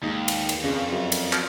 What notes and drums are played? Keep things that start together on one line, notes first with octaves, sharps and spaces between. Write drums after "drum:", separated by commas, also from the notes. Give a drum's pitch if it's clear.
D#2 G#2
drum: cymbal
drum: cymbal
F2 C#3
F#2
drum: cymbal
drum: clap